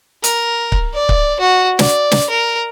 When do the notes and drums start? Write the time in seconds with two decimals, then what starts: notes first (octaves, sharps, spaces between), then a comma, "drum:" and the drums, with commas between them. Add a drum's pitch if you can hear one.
0.24 A#4, drum: hi-hat
0.72 drum: kick C#1
0.94 D5
1.09 drum: kick C#1
1.40 F#4
1.79 D5, drum: snare
2.11 drum: snare
2.30 A#4